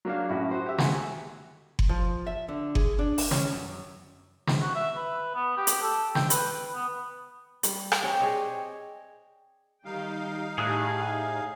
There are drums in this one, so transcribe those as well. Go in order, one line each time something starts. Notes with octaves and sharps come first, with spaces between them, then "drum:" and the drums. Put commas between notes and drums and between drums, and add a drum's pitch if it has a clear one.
F#3 A#3 D4 F5
F#2 A2 C#4 E4 F#4
F#4 C5
G4 E5
E2 A3 F#4 F#5 G#5 C6, drum: snare
drum: kick F#1
F3
E5
D3
G#4, drum: kick F#1
D4
drum: open hi-hat
C#4, drum: snare
F#2
drum: snare
F#4
E5
B4
B3
G4
drum: hi-hat
A4
G5, drum: snare
B4, drum: hi-hat
B3
G3, drum: hi-hat
drum: rim click
C4 G4 C#5 D5
G#4 C#5 D#5
D#3 G3 D#4 F5 G5
A2 G4 G#4 G#5 D#6 F#6